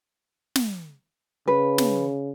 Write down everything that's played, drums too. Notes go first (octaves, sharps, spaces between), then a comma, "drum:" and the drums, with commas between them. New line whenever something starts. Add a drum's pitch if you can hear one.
drum: snare
C#3 B4
drum: snare